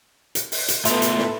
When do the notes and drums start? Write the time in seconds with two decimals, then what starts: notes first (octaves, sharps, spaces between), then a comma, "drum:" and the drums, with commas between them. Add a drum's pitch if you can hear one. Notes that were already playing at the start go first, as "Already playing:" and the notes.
0.35 drum: hi-hat
0.52 drum: open hi-hat
0.68 drum: hi-hat
0.85 A2 B3 A4 B4 E5 C6, drum: hi-hat
1.02 drum: hi-hat
1.18 drum: snare